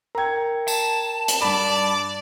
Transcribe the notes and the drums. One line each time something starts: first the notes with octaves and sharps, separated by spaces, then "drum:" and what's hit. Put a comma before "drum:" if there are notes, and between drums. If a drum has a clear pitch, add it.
A#4 G5 A#5 G#6
A5, drum: tambourine
drum: hi-hat
G2 D5 B5